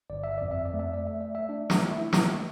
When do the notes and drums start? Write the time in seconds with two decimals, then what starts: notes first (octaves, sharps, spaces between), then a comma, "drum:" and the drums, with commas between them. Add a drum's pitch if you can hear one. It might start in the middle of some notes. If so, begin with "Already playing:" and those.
0.10 G1 D5
0.24 E5
0.38 F2 D5
0.51 E5
0.65 D5
0.74 A3
0.79 E5
0.93 D5
1.06 A3 E5
1.21 D5
1.35 A3 E5
1.49 D4 D5
1.70 A3 E4 E5, drum: snare
1.91 E4 E5
2.02 A3
2.13 drum: snare